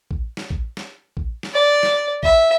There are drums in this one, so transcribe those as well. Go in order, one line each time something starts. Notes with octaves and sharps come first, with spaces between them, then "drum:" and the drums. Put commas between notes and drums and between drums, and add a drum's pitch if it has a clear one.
drum: kick A1
drum: snare
drum: kick A1
drum: snare
drum: kick A1
drum: snare
D5
drum: snare
E5, drum: kick A1